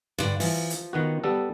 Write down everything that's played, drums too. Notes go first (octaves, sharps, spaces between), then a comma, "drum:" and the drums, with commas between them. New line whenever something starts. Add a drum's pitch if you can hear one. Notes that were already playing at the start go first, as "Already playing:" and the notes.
G2 D3
E3 F3, drum: open hi-hat
drum: hi-hat
D#3 B3 F#4
G3 B3 A4